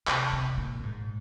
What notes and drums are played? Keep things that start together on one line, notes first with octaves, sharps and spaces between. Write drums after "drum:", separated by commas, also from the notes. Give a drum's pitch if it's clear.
C3, drum: clap
C3
A#2
G#2